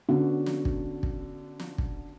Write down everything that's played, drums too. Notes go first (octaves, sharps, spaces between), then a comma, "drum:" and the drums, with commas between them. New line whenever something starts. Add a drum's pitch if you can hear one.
D3 B3 C#4 F#4
drum: snare
drum: kick
drum: kick
drum: snare
drum: kick